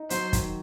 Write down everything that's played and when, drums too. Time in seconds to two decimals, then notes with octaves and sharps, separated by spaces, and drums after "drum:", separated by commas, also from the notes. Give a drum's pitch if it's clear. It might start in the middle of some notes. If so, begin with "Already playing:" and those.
Already playing: D#4
0.10 F#3 C5, drum: hi-hat
0.33 D#3, drum: kick, hi-hat